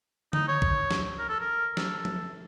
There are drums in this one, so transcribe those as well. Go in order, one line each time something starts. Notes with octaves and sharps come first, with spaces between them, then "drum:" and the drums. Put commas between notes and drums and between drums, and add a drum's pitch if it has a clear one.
D#4, drum: tom D3
C#5
drum: kick
drum: snare
A#4
A4
A#4
A4, drum: snare
drum: tom F3